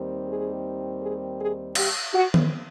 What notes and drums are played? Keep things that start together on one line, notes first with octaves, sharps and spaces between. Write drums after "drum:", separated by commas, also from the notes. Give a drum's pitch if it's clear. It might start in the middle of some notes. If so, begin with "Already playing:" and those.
Already playing: D#2 D#3 G3 C4
G#4
G#4
G#4
G4, drum: cymbal
F#4
drum: tom D#3